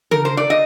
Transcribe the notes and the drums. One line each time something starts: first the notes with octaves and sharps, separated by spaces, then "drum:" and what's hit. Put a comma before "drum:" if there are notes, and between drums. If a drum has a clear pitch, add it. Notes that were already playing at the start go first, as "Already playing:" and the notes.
A#4, drum: tom C#3
C5
D5
D#5